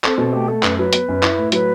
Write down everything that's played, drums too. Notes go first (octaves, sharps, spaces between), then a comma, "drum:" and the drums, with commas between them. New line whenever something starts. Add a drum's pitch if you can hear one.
C4 A4, drum: clap
B2 A4
A3 G4
A3 A4
F#2 B4, drum: clap
F#3 B4
B3, drum: hi-hat
F#2
E4, drum: clap
A2
F#3 B4, drum: hi-hat